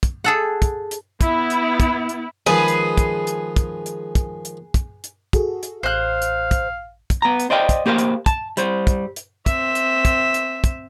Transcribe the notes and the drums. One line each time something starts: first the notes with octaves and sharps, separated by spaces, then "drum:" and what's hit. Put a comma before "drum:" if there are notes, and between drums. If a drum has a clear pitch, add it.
drum: kick, hi-hat
G#4 A4 F#5
drum: kick, hi-hat
drum: hi-hat
B3 E4, drum: kick, hi-hat
drum: hi-hat
drum: kick, hi-hat
drum: hi-hat
D#3 F3 G#3 G#4 B4
drum: hi-hat
drum: kick, hi-hat
drum: hi-hat
drum: kick, hi-hat
drum: hi-hat
drum: kick, hi-hat
drum: hi-hat
drum: kick, hi-hat
drum: hi-hat
F#4 G#4 A4, drum: kick, hi-hat
drum: hi-hat
A1 C5 F5 F#6
drum: hi-hat
drum: kick, hi-hat
drum: kick, hi-hat
B3 A#5
drum: hi-hat
C5 D5 D#5 F5 G5
drum: kick, hi-hat
A#3 G4 A#4 C5 F5
drum: hi-hat
A5, drum: kick, hi-hat
G3 C5, drum: hi-hat
drum: kick, hi-hat
drum: hi-hat
C4 E5, drum: kick, hi-hat
drum: hi-hat
drum: kick, hi-hat
drum: hi-hat
drum: kick, hi-hat